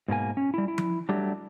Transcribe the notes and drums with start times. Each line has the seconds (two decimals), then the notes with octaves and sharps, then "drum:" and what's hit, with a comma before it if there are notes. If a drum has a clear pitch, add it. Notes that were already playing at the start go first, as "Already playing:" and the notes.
0.08 G#2 B2 A#3 G#5
0.37 C#4
0.54 G3 E4
0.68 E4
0.78 drum: tom F3
1.09 F#3 G3 A3 D4 G4